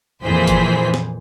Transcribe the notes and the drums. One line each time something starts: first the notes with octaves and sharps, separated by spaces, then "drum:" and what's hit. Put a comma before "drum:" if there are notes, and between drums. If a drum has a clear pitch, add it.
F2 A#2 E3 G#4 C5 B6
drum: kick F#1, hi-hat
drum: snare